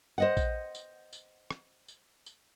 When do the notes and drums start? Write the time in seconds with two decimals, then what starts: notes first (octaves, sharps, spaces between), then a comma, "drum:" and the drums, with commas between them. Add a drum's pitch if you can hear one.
0.18 C5 D#5 F#5
0.37 drum: kick A#1, tambourine
0.75 drum: tambourine
1.13 drum: tambourine
1.51 drum: rim click
1.88 drum: tambourine
2.26 drum: tambourine